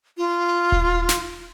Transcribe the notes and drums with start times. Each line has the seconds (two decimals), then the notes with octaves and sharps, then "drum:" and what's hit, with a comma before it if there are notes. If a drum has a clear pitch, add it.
0.18 F4
0.72 drum: kick D#1
1.09 drum: snare